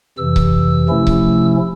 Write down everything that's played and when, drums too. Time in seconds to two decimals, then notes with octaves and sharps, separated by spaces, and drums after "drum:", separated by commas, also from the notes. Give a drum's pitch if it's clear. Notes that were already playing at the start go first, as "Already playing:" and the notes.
0.18 F2 C3 E3 E6
0.36 drum: kick C#1
0.89 C3 F3 A3 C#4 E4
1.07 drum: kick C#1